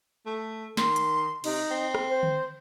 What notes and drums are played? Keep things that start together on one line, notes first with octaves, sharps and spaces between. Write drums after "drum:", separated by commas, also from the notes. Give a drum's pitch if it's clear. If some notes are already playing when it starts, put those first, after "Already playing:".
A3
D#3 C6, drum: snare
drum: hi-hat
C3 D#4, drum: cymbal
C4
drum: rim click
C5
drum: tom D3